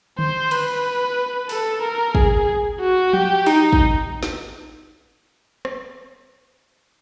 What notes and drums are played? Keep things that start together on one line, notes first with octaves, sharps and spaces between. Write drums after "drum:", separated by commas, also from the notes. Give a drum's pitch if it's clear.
C5, drum: tom D3
B4, drum: cymbal
A4, drum: open hi-hat
A#4
G#4, drum: kick
F#4
G4, drum: tom F3
D#4, drum: open hi-hat
drum: kick
drum: snare
drum: rim click